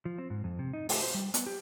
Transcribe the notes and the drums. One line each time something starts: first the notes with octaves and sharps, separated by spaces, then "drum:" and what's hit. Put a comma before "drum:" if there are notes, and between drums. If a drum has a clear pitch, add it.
F3
C4
G#2
F2
C3
D#4
A3, drum: open hi-hat
C5
G3
B3, drum: hi-hat
G4